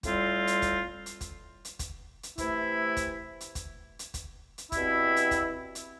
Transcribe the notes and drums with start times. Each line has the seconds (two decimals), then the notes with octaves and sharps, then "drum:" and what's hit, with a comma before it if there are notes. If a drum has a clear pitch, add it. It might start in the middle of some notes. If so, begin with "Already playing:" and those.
0.03 A2 G3 C4 F4, drum: kick, hi-hat
0.47 drum: hi-hat
0.62 drum: kick, hi-hat
1.06 drum: hi-hat
1.21 drum: kick, hi-hat
1.65 drum: hi-hat
1.79 drum: kick, hi-hat
2.23 drum: hi-hat
2.38 C3 E3 A3 E4, drum: kick, hi-hat
2.97 drum: kick, hi-hat
3.41 drum: hi-hat
3.55 drum: kick, hi-hat
3.99 drum: hi-hat
4.14 drum: kick, hi-hat
4.58 drum: hi-hat
4.72 B2 G3 C4 E4, drum: kick, hi-hat
5.16 drum: hi-hat
5.31 drum: kick, hi-hat
5.75 drum: hi-hat